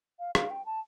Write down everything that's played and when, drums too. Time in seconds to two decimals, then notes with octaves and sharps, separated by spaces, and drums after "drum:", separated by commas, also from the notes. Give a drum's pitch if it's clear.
0.19 F5
0.35 F5, drum: rim click
0.51 G5
0.66 A5